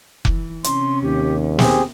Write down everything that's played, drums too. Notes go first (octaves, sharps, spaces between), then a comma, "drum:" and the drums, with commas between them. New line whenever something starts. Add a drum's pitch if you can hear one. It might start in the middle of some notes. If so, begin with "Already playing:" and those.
E3, drum: kick F1
C3 C#4 C6, drum: hi-hat
D#2 G4
C4 G4 G#4, drum: snare